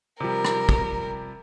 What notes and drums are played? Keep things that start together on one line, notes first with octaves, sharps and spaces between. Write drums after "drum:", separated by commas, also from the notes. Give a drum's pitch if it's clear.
C3 F3 G3 A#4
drum: rim click
drum: kick